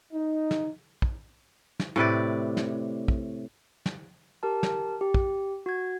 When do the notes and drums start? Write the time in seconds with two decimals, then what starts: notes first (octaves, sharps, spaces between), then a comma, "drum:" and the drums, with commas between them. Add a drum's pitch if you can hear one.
0.12 D#4
0.51 drum: snare
1.02 drum: kick
1.80 drum: snare
1.96 A2 C3 B4 D5
2.57 drum: snare
3.08 drum: kick
3.86 drum: snare
4.43 G4 A#4 A5
4.63 drum: snare
5.01 G4
5.14 drum: kick
5.66 F#4 G#6